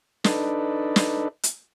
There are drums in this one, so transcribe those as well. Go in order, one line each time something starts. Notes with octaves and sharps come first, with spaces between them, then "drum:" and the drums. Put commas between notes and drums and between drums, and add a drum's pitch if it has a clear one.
D4 D#4 A4 B4, drum: snare
drum: snare
drum: hi-hat